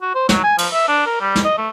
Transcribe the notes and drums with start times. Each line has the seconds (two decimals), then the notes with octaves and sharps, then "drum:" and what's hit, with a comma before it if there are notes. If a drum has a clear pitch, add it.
0.02 F#4
0.15 C5
0.29 F#3, drum: snare
0.44 G#5
0.58 F3, drum: cymbal
0.73 E5
0.88 D4
1.06 A#4
1.21 G3
1.36 drum: snare
1.45 D#5
1.58 A3